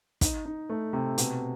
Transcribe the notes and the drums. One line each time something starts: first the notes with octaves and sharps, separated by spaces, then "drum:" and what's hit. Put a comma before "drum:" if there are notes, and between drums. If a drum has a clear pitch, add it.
D#4, drum: kick, hi-hat
D#4
A3
C3
B2, drum: hi-hat